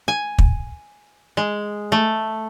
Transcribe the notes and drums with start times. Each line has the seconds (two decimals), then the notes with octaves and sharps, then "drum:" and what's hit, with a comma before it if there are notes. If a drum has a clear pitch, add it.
0.08 G#5
0.39 drum: kick
1.37 G#3
1.92 A3